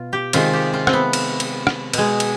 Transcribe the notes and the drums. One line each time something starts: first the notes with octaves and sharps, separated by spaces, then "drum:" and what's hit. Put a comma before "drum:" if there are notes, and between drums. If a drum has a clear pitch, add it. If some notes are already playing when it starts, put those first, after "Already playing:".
Already playing: B2 F4
G4
C3 D#3 G#3 F4, drum: cymbal
G4
F4
C4, drum: rim click
B3
drum: cymbal
drum: cymbal
drum: rim click
B2 G#3, drum: cymbal
drum: cymbal